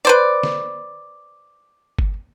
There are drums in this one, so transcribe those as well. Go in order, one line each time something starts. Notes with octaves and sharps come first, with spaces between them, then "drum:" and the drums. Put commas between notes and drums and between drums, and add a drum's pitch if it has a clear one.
B4 C5 D5
drum: snare
drum: kick G1